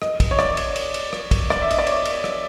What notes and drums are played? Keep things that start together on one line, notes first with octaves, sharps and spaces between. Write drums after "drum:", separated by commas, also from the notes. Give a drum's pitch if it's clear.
D#5, drum: rim click
drum: kick, cymbal
C#5
D5, drum: rim click
drum: cymbal
drum: cymbal
drum: cymbal
drum: rim click
drum: kick, cymbal
D5, drum: rim click
E5
D#5, drum: cymbal
D5
C#5, drum: cymbal
drum: cymbal
drum: rim click